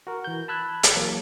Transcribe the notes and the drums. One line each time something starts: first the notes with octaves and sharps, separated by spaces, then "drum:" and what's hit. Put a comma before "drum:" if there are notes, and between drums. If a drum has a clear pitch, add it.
F#4 A#4
E3 G6
A5 B5 E6 F#6 G#6
drum: hi-hat
E3 F#3 A#3 G#4